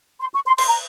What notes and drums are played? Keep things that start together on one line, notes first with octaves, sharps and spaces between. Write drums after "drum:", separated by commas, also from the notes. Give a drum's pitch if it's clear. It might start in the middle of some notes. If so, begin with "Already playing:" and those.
C6
C#6
C6
C6, drum: cymbal
A#5